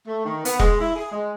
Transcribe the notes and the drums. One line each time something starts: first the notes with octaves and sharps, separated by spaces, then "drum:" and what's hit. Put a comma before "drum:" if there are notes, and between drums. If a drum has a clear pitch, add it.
A3
D#3
B3, drum: hi-hat
G#3, drum: kick E1
E4
G#4
G#3